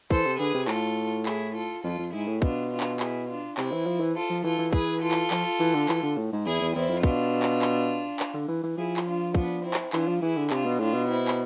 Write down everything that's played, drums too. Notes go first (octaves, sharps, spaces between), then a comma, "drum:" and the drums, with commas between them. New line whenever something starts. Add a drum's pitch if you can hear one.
E3 A4 C5, drum: kick
C3
D3 G#4 B4
C3
A2 F4 A4, drum: clap
E4 G#4, drum: clap
F4 A4
F2 F4 A4
F2
G#2 E4 G#4
A2
B2 D4 F4, drum: kick
D4 F4
drum: clap
E4 G#4, drum: clap
D4 F4
C3 C4 E4, drum: clap
E3
F3
E3
F4 A4
F3
E3 F4 A4
E3
G#4 B4, drum: kick
F4 A4
drum: clap
F3, drum: clap
E3
D3
E3, drum: clap
D3
A2
G#2
E2 E4 G#4
E2
E2 C4 E4
F2
B2 D4 F4, drum: kick
drum: clap
drum: clap
drum: clap
D3
E3
E3
F3 E4 G#4
drum: clap
D4 F4
B3 D4, drum: kick
C4 E4
drum: clap
E3 D4 F4, drum: clap
F3
E3 E4 G#4
D3
C3 D4 F4, drum: clap
B2
A2 D4 F4
B2
C4 E4
drum: clap